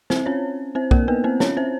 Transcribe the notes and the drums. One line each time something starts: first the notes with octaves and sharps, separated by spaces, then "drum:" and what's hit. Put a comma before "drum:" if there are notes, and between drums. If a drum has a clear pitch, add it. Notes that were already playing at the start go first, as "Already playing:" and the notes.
C4 C5, drum: snare
C#4 C#5
C4 C5
A#3 A#4, drum: kick B1
B3 B4
C4 C5
C#4 C#5, drum: snare
C4 C5